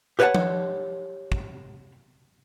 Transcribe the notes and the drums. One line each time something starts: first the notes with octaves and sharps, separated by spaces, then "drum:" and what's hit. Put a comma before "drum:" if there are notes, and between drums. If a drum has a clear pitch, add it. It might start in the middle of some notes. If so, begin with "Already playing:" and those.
G4 B4 C#5 D#5 F#5 A5
drum: tom F3
drum: kick